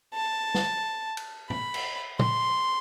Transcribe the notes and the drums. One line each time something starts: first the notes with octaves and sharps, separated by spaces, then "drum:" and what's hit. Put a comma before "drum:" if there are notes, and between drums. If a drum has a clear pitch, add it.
A5
drum: snare
drum: cymbal
B5, drum: tom
drum: cymbal
C6, drum: tom A#2